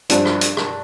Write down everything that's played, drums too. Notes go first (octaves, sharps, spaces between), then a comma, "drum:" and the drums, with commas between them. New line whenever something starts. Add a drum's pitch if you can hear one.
G2 F3 D4, drum: hi-hat
drum: rim click
drum: hi-hat
drum: rim click